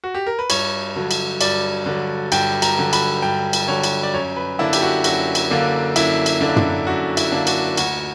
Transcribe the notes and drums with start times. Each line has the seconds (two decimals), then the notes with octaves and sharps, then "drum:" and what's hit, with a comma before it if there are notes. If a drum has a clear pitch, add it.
0.04 F#4
0.15 G4
0.27 A#4
0.39 B4
0.50 G2 C#5, drum: cymbal
0.96 D3 F#3
1.11 drum: cymbal
1.41 G2 D5, drum: cymbal
1.86 D3 F#3
2.32 G2 G5, drum: cymbal
2.62 A#5, drum: cymbal
2.78 D3 F#3
2.93 B5, drum: cymbal
3.22 G2 G5
3.53 drum: cymbal
3.68 D3 F#3 C#5
3.84 drum: cymbal
4.03 D5
4.14 F#2 C#5
4.36 B4
4.59 D3 A#3 D4 E4
4.73 G4, drum: cymbal
4.82 F#4
5.04 F#2 F#4, drum: cymbal
5.35 drum: cymbal
5.51 D3 A#3 D4
5.96 F#2 E4, drum: cymbal
6.26 drum: cymbal
6.41 D3 A#3 D4
6.56 drum: tom
6.87 F#2 F#4
7.17 E4, drum: cymbal
7.32 D3 A#3 D4
7.47 F#4, drum: cymbal
7.77 D2 F#4, drum: cymbal